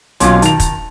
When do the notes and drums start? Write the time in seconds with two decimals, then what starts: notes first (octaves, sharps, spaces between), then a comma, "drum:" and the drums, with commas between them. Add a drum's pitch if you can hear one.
0.20 B1 A#2 C#4 F4, drum: hi-hat
0.42 D#3 A5 F7, drum: hi-hat
0.60 drum: kick, hi-hat